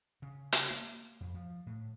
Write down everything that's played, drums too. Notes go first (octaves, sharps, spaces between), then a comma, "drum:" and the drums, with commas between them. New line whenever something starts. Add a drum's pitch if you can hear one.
C#3
drum: hi-hat
A#3
F2
F3
A2